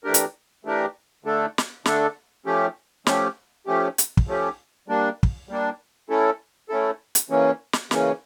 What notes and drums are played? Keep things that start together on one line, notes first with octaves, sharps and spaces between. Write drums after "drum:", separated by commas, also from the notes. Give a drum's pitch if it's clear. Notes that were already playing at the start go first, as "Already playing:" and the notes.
E3 A3 D4 G4 A#4
drum: hi-hat
E3 A3 D4 G4 A#4
D3 A3 D4 A4
drum: snare
D3 A3 D4 A4, drum: snare
F3 A3 C#4 G4
F3 A3 C#4 G4, drum: snare
F3 A3 C#4 G4
drum: hi-hat
drum: kick
F3 A3 C#4 G4
G3 A#3 D4
drum: kick
G3 A#3 D4
A3 C#4 E4 A4
A3 C#4 E4 A4
drum: hi-hat
C#3 E3 A#3 C#4
drum: snare
C#3 E3 A#3 C#4, drum: snare